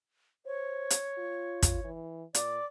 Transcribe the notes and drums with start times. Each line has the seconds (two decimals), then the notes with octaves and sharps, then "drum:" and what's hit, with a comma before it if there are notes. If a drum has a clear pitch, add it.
0.46 C5 C#5
0.90 drum: hi-hat
1.18 F4
1.62 drum: kick, hi-hat
1.84 E3
2.35 A#2 D5, drum: hi-hat